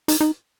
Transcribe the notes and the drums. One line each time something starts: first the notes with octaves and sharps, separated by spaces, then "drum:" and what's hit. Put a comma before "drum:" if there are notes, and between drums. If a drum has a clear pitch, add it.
D#4, drum: hi-hat
D#4